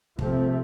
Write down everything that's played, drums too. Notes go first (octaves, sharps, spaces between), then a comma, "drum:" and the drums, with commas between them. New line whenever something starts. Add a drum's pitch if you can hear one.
C3 F3 A3 C4, drum: kick